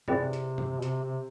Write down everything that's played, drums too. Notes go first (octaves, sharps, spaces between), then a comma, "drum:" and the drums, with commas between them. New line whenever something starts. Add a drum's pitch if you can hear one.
C3 C4 E4 G#4 B4 D5, drum: tom F#2
drum: hi-hat
drum: tom F#2
B2
C3, drum: hi-hat
C3